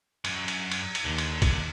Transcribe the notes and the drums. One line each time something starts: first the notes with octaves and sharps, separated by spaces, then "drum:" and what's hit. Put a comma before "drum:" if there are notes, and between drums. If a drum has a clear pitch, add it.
F#2, drum: cymbal
drum: cymbal
drum: cymbal
drum: cymbal
D#2 D3
drum: cymbal
drum: kick, cymbal